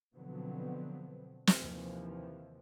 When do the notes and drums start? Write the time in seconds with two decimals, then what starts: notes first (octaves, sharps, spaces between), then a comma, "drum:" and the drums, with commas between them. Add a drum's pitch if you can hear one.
0.15 B2 D3 F3 F#3 B3 C4
1.47 drum: snare
1.58 D#2 C3 E3 F3